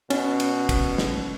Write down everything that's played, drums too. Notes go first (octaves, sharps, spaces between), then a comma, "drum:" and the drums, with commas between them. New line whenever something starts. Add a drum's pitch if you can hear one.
B2 C#4, drum: cymbal
drum: cymbal
drum: kick, cymbal
drum: snare